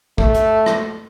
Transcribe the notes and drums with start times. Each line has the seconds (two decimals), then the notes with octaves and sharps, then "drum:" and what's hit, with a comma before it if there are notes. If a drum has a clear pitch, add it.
0.18 A3, drum: kick
0.34 drum: hi-hat
0.66 drum: rim click